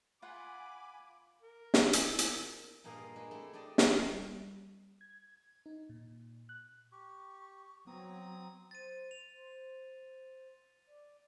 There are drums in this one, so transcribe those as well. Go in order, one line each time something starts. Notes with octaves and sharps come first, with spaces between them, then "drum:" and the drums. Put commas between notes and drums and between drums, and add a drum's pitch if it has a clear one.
F4 F#5 G#5 B5 D6
A#4
drum: snare
drum: hi-hat
drum: hi-hat
G2 A#2 A#3 G#4 D#5 F5
G#3 D4 B4
A3 C4 D4 E4
D4 G4 C5 D5 D#5
A#2, drum: snare
G3
G#6
D#4
A#2
F#6
G4 C#6
F#3 B3 C4 A#5 D#6
C5 A6 D#7
F7
C5
D5